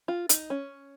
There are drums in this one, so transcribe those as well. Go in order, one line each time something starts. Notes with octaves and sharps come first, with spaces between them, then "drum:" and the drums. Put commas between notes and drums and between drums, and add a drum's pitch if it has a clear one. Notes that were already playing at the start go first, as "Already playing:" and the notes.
F4
D#4, drum: hi-hat
C#4